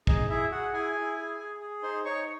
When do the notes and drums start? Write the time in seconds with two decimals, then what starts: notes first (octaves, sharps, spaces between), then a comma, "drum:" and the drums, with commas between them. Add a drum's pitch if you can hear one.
0.07 D#4 G#4 D#5, drum: kick
0.29 E4 G#4 E5
0.51 F#4 G#4 F#5
0.73 E4 G#4 G#5
0.96 E4
1.17 G#4
1.39 G#4
1.61 G#4
1.83 D#4 C5 C6
2.05 D#4 C#5 C#6